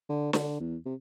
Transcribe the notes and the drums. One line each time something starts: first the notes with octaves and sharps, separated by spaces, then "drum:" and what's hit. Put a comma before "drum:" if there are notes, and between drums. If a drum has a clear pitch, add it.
D3
D3, drum: snare
E2
C3